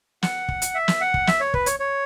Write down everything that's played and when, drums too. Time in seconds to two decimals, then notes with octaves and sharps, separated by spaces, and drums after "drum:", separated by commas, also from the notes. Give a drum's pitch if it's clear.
0.23 F#5, drum: snare
0.49 drum: kick
0.62 drum: hi-hat
0.75 E5
0.88 drum: snare
1.01 F#5
1.14 drum: kick
1.27 E5, drum: snare
1.40 C#5
1.54 B4, drum: kick
1.66 C#5, drum: hi-hat
1.80 C#5